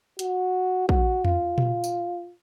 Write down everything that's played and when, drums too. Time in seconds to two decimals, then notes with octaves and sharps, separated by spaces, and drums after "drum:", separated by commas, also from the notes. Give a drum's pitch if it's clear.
0.19 F#4, drum: hi-hat
0.89 F#4, drum: kick
1.25 F4, drum: tom E2
1.58 drum: tom A#2
1.84 drum: tambourine